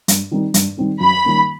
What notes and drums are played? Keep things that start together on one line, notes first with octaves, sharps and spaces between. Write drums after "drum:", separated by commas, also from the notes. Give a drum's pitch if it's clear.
G2, drum: hi-hat
D#3 G3 C4 D#4
G2, drum: hi-hat
D#3 G3 C4 D#4
F#2 B5
D#3 G3 A#3 C#4